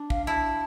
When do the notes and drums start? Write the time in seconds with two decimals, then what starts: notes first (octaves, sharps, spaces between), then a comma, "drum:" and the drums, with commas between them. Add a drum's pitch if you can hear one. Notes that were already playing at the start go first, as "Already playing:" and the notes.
Already playing: D4
0.10 F5, drum: kick
0.26 E4 A5